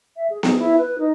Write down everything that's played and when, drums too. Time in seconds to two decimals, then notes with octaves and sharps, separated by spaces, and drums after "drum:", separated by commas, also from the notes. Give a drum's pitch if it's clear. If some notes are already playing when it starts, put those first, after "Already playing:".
0.16 E5
0.30 G#4
0.43 G#4, drum: snare B3
0.59 E4
0.77 B4
0.98 D#4